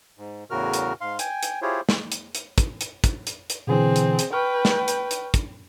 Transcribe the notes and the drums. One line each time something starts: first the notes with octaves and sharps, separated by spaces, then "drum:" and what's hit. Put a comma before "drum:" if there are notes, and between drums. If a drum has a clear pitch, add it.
G#2
E2 A2 C#3 F#4 A#4 F6
drum: hi-hat
G#2 F5 C6
G5 G#5, drum: hi-hat
drum: hi-hat
E4 F4 G4 G#4 C5 C#5
drum: snare
drum: hi-hat
drum: hi-hat
drum: kick, hi-hat
drum: hi-hat
drum: kick, hi-hat
drum: hi-hat
drum: hi-hat
B2 D3 E3 C4 G#4
drum: hi-hat
drum: hi-hat
B4 G5 C#6 F6
drum: snare
drum: hi-hat
drum: hi-hat
drum: kick, hi-hat